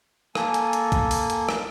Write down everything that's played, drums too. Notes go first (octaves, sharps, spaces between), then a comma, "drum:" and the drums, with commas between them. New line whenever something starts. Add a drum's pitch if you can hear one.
A#3 A4 G#5, drum: rim click
drum: hi-hat
drum: hi-hat
drum: kick, hi-hat
drum: open hi-hat
drum: hi-hat
drum: rim click